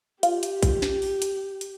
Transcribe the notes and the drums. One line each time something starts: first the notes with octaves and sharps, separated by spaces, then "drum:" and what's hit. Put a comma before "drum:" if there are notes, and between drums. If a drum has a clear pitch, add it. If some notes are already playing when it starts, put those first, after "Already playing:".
F4 G4, drum: hi-hat
drum: hi-hat
drum: kick A#1, hi-hat
drum: snare
drum: open hi-hat
drum: hi-hat
drum: hi-hat